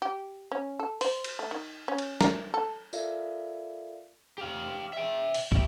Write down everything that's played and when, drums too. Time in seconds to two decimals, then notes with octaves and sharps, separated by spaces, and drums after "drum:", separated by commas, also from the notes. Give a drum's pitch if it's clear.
0.02 G4
0.52 C#4
0.79 A4
1.01 C5, drum: open hi-hat
1.24 drum: cymbal
1.39 A3
1.51 D#3
1.88 C#4
1.98 drum: cymbal
2.21 A#4, drum: snare
2.54 A4
2.93 F4 A4 A#4 D5 E5 F5, drum: tambourine
4.38 G4 F5
4.93 E5 G5
5.34 drum: open hi-hat
5.52 E4 G4, drum: kick